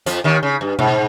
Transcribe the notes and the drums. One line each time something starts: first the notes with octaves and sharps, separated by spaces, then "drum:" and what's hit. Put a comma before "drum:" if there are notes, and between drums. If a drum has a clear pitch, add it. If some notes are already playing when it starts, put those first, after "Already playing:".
F2 F3, drum: hi-hat
D#2 D#3
C#3
G2
G#2, drum: tom B2